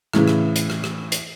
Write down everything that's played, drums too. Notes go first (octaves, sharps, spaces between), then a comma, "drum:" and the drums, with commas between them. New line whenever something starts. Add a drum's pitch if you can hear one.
A2 C#3 E3, drum: rim click
drum: rim click
drum: hi-hat
drum: rim click
drum: rim click
drum: hi-hat